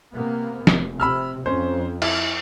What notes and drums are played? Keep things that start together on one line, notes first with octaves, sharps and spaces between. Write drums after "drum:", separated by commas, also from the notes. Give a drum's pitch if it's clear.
C3 A#3 B3
F1, drum: snare
C3 B5 E6 F6
F2 C#4 C5
E4, drum: cymbal